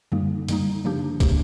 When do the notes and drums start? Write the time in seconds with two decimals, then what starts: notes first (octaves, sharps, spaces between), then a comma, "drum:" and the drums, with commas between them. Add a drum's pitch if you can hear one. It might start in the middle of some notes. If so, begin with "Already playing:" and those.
0.12 F#2 D3 G3 A#3 D#4
0.48 F#2 D3 G3 A#3 D#4, drum: hi-hat
0.84 C#3 F3 A#3 D4 G4
1.20 C#3 F3 A#3 D4 G4, drum: kick, hi-hat